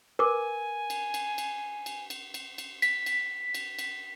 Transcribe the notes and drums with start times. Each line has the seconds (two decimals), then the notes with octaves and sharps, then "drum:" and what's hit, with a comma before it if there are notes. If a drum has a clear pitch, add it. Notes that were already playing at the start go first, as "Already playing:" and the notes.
0.19 A#4 B4 G#5 D6
0.90 drum: cymbal
1.14 drum: cymbal
1.38 drum: cymbal
1.86 drum: cymbal
2.10 drum: cymbal
2.34 drum: cymbal
2.58 drum: cymbal
2.82 B6, drum: cymbal
3.06 drum: cymbal
3.54 drum: cymbal
3.79 drum: cymbal